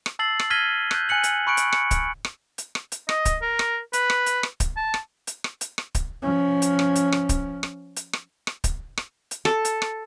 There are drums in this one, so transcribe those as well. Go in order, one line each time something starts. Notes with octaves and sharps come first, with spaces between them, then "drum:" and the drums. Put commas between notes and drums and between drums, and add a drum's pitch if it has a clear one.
drum: rim click
A5 E6 A6 C7 F#7
drum: rim click
F6 G#6 A#6 B6 D#7 G7
F#6 G6, drum: rim click
G#5 F#6 C#7 F#7
drum: hi-hat
B5 C#6 F#6 C#7 D7
drum: hi-hat
C#7, drum: rim click
drum: kick D1, hi-hat
drum: rim click
drum: hi-hat
drum: rim click
drum: hi-hat
D#5, drum: rim click
drum: kick D1, hi-hat
A#4
drum: rim click
B4, drum: hi-hat
drum: rim click
drum: hi-hat
drum: rim click
drum: kick D1, hi-hat
A5
drum: rim click
drum: hi-hat
drum: rim click
drum: hi-hat
drum: rim click
drum: kick D1, hi-hat
F3 C#4
drum: hi-hat
drum: rim click
drum: hi-hat
drum: rim click
drum: kick D1, hi-hat
drum: rim click
drum: hi-hat
drum: rim click
drum: rim click
drum: kick D1, hi-hat
drum: rim click
drum: hi-hat
A4, drum: rim click
drum: hi-hat
drum: rim click